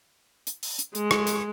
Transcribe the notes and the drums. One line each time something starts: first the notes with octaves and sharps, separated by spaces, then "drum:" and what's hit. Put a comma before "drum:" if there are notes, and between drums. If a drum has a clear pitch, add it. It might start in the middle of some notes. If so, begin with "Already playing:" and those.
drum: hi-hat
drum: open hi-hat
drum: hi-hat
G#3, drum: hi-hat
drum: rim click
drum: hi-hat